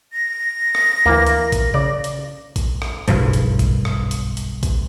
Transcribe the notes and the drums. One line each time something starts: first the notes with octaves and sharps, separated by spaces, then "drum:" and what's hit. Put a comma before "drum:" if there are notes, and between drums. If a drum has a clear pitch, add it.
A#6
drum: rim click
D2 E3 A#3
drum: hi-hat
drum: kick A#1, hi-hat
C#3 D5
drum: hi-hat
drum: kick A#1, hi-hat
drum: rim click
F#1 B1 G2 F3, drum: hi-hat
drum: hi-hat
drum: kick A#1, hi-hat
drum: rim click
drum: hi-hat
drum: hi-hat
drum: kick A#1, hi-hat